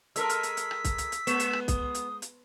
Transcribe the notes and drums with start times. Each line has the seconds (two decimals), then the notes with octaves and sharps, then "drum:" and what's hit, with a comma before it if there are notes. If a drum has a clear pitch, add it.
0.16 G#3 A4 A#4 E6 B6, drum: hi-hat
0.29 drum: hi-hat
0.43 drum: hi-hat
0.57 drum: hi-hat
0.71 drum: rim click
0.84 drum: kick C2, hi-hat
0.98 drum: hi-hat
1.12 drum: hi-hat
1.27 G#3 B3 E7, drum: hi-hat
1.40 drum: hi-hat
1.53 drum: rim click
1.68 D#6, drum: kick C2, hi-hat
1.95 drum: hi-hat
2.22 drum: hi-hat